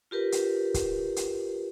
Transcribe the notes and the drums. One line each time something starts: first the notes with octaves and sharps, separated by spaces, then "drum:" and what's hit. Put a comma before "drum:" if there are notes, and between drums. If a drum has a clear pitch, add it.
F4 G4 A#4 B4
drum: hi-hat
drum: kick, hi-hat
drum: hi-hat